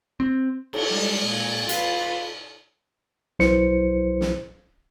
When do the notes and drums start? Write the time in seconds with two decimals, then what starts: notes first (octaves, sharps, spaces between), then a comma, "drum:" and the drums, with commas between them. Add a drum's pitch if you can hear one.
0.20 C4
0.73 drum: cymbal
0.88 G3 G#3
1.26 A#2
1.69 F4 B4, drum: hi-hat
3.39 B1 F#3 E4 B4 C5 C#7, drum: snare
4.21 drum: snare